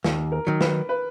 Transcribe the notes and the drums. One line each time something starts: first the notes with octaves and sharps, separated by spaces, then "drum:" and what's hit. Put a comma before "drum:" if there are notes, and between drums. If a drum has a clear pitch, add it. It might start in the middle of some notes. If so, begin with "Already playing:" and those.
D#2, drum: snare
A#4
D#3 F#3
B4, drum: snare
B4